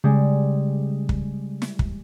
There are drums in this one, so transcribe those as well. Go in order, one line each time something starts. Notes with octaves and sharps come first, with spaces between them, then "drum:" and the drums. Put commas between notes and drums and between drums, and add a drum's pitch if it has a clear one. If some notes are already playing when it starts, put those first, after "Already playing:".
C#3 G3 G#3
drum: kick
drum: snare
drum: kick